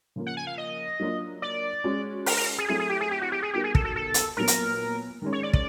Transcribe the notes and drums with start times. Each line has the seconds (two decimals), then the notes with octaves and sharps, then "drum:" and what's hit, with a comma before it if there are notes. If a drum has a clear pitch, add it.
0.16 C#3 F3 A#3
0.27 F#5
0.37 G#5
0.47 F5
0.58 D#5
1.00 F#3 A#3 D4 F4
1.42 D5
1.84 G#3 C#4 F#4
2.26 A#4, drum: open hi-hat
2.37 A#4
2.58 G#4
2.68 F#3 A3 C4 E4 G#4
2.80 G#4
2.90 G4
3.01 G#4
3.11 G4
3.21 F#4
3.32 G4
3.43 G#4
3.53 G3 B3 D#4 F#4 G4 A#4
3.64 G#4
3.75 A4, drum: kick
3.85 A4
3.96 A4
4.14 drum: hi-hat
4.37 A#2 F#3 B3 A#4
4.48 drum: hi-hat
5.22 D#3 G#3 C#4
5.33 C#5
5.43 D5
5.53 D5, drum: kick